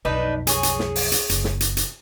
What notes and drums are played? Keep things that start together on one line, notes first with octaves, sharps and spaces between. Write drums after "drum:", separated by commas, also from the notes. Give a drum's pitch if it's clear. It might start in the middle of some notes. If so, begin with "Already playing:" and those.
B1 F2 D4 D#4 B4
G#4 C#5, drum: hi-hat
drum: hi-hat
drum: snare
drum: open hi-hat
drum: hi-hat
F#1, drum: hi-hat
drum: snare
drum: hi-hat
drum: hi-hat